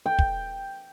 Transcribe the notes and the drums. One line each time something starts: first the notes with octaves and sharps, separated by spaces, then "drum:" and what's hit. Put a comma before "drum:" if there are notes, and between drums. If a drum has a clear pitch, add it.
G5
drum: kick